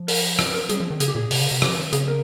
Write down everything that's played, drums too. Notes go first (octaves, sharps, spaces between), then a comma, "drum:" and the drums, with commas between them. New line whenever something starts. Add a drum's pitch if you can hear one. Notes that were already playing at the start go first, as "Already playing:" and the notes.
Already playing: F3
A#4, drum: open hi-hat
drum: rim click
A#4
G3 G#4, drum: hi-hat
F3
D#3
C#3 G#4, drum: hi-hat
G4
A#2 G#4
C3, drum: open hi-hat
C#3
C3
G4, drum: rim click
F3
D#3
C#3 G#4, drum: hi-hat
A#4